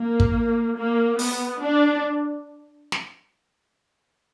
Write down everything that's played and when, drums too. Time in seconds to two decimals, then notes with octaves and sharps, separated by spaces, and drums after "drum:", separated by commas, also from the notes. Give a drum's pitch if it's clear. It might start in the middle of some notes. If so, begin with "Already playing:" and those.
Already playing: A#3
0.20 drum: kick
0.77 A#3
1.19 B3, drum: open hi-hat
1.61 D4
2.92 drum: snare